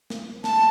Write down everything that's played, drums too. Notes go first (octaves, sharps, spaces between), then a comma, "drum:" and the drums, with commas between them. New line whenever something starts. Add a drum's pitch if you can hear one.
drum: snare
A5, drum: snare